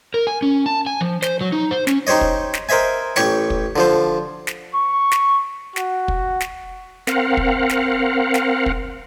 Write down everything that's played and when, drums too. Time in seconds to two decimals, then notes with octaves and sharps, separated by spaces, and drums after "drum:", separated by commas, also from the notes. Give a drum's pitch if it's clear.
0.14 A#4
0.27 G#5
0.42 C#4
0.66 A5
0.86 G#5
1.01 F3
1.22 C5, drum: snare
1.41 F#3
1.52 D#4
1.71 C5
1.87 C#4, drum: snare
2.07 D#4 G4 C5 C#5 D#5
2.21 drum: kick
2.54 drum: snare
2.69 A#4 C5 D#5 E5 G#5
3.16 A1 G4 C#5 C#6, drum: snare
3.50 drum: kick
3.76 D3 F3 C5
4.47 drum: snare
4.74 C#6
5.11 drum: snare
5.76 F#4, drum: snare
6.08 drum: kick
6.40 drum: snare
7.07 C4 A#4 F5 F#5, drum: snare
7.37 drum: kick
7.69 drum: snare
8.34 drum: snare
8.66 drum: kick